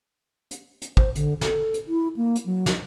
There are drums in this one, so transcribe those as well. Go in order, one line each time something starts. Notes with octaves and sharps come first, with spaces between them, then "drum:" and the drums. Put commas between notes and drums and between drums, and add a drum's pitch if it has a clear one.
drum: hi-hat
drum: hi-hat
C5, drum: kick
D3, drum: hi-hat
A4, drum: snare
drum: hi-hat
E4
A#3
drum: hi-hat
F#3
drum: snare